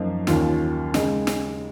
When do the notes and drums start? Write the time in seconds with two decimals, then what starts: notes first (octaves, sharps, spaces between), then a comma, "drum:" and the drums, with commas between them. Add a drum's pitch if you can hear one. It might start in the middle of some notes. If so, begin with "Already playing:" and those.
Already playing: F#2 F3 A#3 D#4
0.27 D#2 D#3 A#3 C#4 F4, drum: snare
0.94 C#3 G#3 D#4, drum: snare
1.27 drum: snare